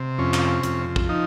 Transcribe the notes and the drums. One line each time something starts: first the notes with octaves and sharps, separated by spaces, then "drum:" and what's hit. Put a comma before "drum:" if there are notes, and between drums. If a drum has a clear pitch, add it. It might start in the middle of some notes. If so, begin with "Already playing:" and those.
Already playing: C3
F2 C#4
drum: clap
F2, drum: hi-hat
drum: kick
F3 D#4